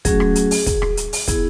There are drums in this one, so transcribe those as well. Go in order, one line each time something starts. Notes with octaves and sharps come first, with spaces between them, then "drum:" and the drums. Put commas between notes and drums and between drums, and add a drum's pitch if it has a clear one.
F#3 A3 C#4 F#4 G#4, drum: kick, hi-hat
drum: rim click
drum: hi-hat
drum: open hi-hat
drum: kick, hi-hat
drum: rim click
drum: hi-hat
drum: open hi-hat
B3 E4 G#4, drum: kick, hi-hat